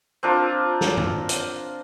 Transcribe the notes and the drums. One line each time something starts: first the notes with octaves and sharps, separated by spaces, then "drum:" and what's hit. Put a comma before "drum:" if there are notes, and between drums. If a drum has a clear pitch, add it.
C4 D4 F4 A#4
drum: snare
drum: tom G2
drum: hi-hat